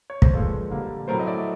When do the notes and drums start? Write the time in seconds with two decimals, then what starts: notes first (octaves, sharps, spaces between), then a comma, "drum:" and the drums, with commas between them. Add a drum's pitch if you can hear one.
0.10 C#5
0.22 C5, drum: kick
0.34 A#2 F3 G#3 A4 B4
0.70 D3 G3 A#3
1.08 A2 F#3 A3 A#4 C5
1.20 D#5
1.26 D5 E5